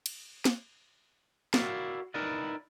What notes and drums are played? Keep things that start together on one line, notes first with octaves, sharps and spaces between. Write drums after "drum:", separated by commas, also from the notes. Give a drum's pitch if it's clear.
drum: cymbal
drum: snare
E4 F#4 A#4 D5 E5 F5, drum: snare
D#4 E4 A#4 B4 D5 D#5